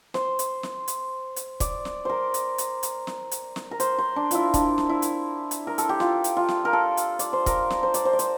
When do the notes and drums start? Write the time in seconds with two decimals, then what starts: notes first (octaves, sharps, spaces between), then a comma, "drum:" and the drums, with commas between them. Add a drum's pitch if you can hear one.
0.14 C5, drum: snare
0.39 drum: hi-hat
0.63 drum: snare
0.88 drum: hi-hat
1.36 drum: hi-hat
1.60 D5, drum: kick, hi-hat
1.85 drum: snare
2.05 A#4 C5
2.34 drum: hi-hat
2.58 drum: hi-hat
2.83 drum: hi-hat
3.07 drum: snare
3.31 drum: hi-hat
3.56 drum: snare
3.71 A#4
3.80 C5, drum: hi-hat
3.98 C5
4.16 D4
4.31 E4 F4, drum: hi-hat
4.54 D4, drum: kick, hi-hat
4.78 drum: snare
4.89 E4
5.02 drum: hi-hat
5.51 drum: hi-hat
5.67 A#4
5.78 A4, drum: hi-hat
5.89 G4
6.00 F4, drum: snare
6.24 drum: hi-hat
6.37 F4
6.49 drum: snare
6.65 A#4
6.73 A4
6.97 drum: hi-hat
7.19 D5, drum: hi-hat
7.33 C5
7.46 A#4, drum: kick, hi-hat
7.70 drum: snare
7.83 C5
7.94 D5, drum: hi-hat
8.05 C5
8.13 D5
8.19 C5, drum: hi-hat